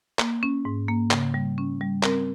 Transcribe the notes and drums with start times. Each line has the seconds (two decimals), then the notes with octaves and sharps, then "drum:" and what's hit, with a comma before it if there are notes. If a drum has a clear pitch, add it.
0.19 A#3, drum: clap
0.43 C#4
0.65 G#2
0.88 A#3
1.11 C#3, drum: clap
1.34 G3
1.58 C#4
1.81 G3
2.03 C4 A#4, drum: clap